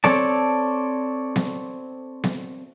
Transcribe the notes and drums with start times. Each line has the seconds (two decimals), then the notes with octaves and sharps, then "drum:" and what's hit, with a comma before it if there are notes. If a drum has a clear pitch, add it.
0.04 C4 A4 C#5 D5 A5, drum: snare B3
1.36 drum: snare B3
2.24 drum: snare B3